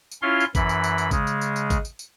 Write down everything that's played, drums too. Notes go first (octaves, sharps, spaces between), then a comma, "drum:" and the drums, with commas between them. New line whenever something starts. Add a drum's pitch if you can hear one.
drum: tambourine
C#4 E4 F4 C#5 F5 C6
drum: tambourine
F#2 E3 B5, drum: kick G#1, tambourine
drum: tambourine
drum: tambourine
drum: tambourine
C#3 G#3, drum: kick G#1, tambourine
drum: tambourine
drum: tambourine
drum: tambourine
drum: kick G#1, tambourine
drum: tambourine
drum: tambourine